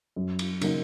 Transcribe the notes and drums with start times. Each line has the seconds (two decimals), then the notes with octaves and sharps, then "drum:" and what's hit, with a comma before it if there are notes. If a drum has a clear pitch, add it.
0.16 F#2
0.39 drum: cymbal
0.61 C#3 F#3 A#3 D#4, drum: cymbal